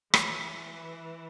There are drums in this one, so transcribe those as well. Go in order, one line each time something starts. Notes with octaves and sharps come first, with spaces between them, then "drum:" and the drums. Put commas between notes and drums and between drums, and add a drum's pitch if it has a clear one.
E3, drum: rim click